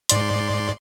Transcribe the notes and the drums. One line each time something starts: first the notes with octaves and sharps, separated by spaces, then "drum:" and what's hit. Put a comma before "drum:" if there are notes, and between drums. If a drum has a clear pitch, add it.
G#2 D5 C6, drum: hi-hat